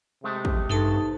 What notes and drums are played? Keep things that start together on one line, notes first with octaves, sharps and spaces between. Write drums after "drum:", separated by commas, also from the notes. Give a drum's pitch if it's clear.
C3 G#3 A3
drum: kick
G2 D#4 A4 A5